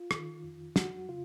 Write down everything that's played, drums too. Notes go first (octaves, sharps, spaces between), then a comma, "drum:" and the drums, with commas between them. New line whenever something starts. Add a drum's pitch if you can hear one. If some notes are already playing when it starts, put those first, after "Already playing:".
Already playing: F4
D#3, drum: rim click
F2
F#3 F#4, drum: snare
C#3 F4